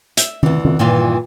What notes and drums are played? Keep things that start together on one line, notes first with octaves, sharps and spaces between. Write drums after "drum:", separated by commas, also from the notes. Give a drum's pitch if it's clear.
E5, drum: hi-hat
D2 E3, drum: tom
drum: tom
G2 A#2 D#3 E3 F4